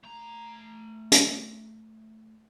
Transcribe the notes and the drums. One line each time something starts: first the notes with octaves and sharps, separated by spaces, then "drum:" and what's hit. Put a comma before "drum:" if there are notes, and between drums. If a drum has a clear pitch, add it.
A3 A#5
drum: hi-hat